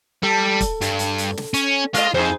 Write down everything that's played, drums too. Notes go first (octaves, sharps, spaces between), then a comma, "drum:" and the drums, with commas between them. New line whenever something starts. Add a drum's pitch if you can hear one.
G3 A4
drum: kick, hi-hat
G2, drum: hi-hat
drum: hi-hat
drum: hi-hat
drum: snare
C#4, drum: hi-hat
G#3 F4 D#5, drum: hi-hat
F2 D#4 G#4 C5